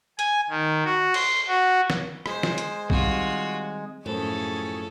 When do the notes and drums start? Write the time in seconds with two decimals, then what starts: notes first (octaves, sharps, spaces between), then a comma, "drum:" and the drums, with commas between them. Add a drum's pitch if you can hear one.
0.19 G#5, drum: hi-hat
0.49 D#3
0.85 F#4
1.14 C6, drum: cymbal
1.48 F#4
1.90 drum: snare
2.26 G#3 C5, drum: rim click
2.43 drum: snare
2.58 drum: hi-hat
2.90 D#3 G3 C4 F4 F#4, drum: kick B1
4.06 F#2 A2 F3 A3 C#4 G#4 A4